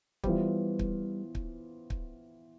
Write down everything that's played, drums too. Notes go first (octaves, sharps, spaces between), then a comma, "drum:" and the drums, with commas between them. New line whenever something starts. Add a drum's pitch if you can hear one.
E3 G3 B3 F4 C5, drum: kick
drum: kick
drum: kick
drum: kick